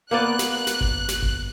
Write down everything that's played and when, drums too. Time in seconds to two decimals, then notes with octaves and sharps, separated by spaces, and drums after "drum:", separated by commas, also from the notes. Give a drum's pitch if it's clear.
0.11 A#3 B3 D5 F#6
0.39 drum: snare
0.67 drum: snare
0.81 drum: kick G1
1.09 drum: snare
1.22 drum: kick G1